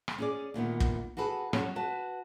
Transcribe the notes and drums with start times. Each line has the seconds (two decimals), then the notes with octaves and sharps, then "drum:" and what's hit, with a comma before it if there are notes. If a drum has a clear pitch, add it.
0.08 drum: rim click
0.18 C#4 G#4 D5
0.54 D2 A#2 D#3 B3
0.80 drum: kick
1.17 F#4 G#4 A4 B4
1.53 F#3 G3 C#4 F#4 A4 C#5, drum: rim click
1.76 F#4 B4 A5